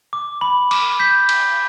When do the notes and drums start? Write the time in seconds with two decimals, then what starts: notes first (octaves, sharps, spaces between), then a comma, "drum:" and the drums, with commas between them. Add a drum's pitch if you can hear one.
0.13 D6
0.41 B5
0.71 D6, drum: cymbal
0.99 G6 B6
1.29 drum: cymbal